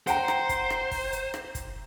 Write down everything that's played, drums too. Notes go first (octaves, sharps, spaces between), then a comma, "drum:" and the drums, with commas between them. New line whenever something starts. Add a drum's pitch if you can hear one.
C5 F#5 G5 A#5, drum: hi-hat
drum: rim click
drum: kick, hi-hat
drum: rim click
drum: kick, open hi-hat
drum: hi-hat
drum: rim click
drum: kick, hi-hat